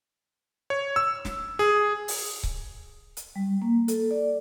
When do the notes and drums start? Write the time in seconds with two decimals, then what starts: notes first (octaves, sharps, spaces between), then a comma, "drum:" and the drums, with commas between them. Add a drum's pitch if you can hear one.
0.70 C#5
0.96 E6
1.25 drum: snare
1.59 G#4
2.08 drum: open hi-hat
2.43 drum: kick C#1
3.17 drum: hi-hat
3.36 G3
3.62 A#3
3.88 A4, drum: hi-hat
4.11 D5